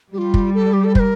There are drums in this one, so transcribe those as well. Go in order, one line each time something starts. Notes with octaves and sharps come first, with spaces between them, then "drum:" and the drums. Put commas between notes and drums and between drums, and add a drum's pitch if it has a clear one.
G3 F4 G4
drum: kick
A4
G4
A4
C5, drum: kick
A#4